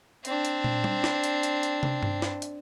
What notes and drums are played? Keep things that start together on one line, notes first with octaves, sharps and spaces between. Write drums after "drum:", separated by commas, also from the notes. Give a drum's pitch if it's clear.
C4 D4, drum: hi-hat
drum: hi-hat
drum: tom
drum: tom G3
drum: snare
drum: hi-hat
drum: hi-hat
drum: hi-hat
drum: tom
drum: tom G2
drum: snare
drum: hi-hat